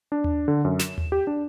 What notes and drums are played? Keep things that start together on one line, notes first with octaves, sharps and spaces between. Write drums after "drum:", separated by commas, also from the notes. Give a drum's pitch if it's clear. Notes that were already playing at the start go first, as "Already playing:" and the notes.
D4
drum: tom D#2
D3
F#2
E7, drum: snare
drum: tom D#2
G4
D4